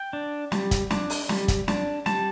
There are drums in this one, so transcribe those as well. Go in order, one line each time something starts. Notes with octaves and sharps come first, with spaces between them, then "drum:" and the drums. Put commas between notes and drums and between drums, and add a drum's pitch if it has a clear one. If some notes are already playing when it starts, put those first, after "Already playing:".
Already playing: G5
D4
G3, drum: snare
drum: kick, hi-hat
D4, drum: snare
drum: open hi-hat
G3, drum: snare
drum: kick, hi-hat
D4, drum: snare
G3 A5, drum: snare